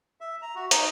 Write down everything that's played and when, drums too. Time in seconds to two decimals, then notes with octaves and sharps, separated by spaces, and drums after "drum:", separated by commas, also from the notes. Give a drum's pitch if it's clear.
0.21 E5
0.42 A#5
0.56 F#4
0.71 D#4, drum: hi-hat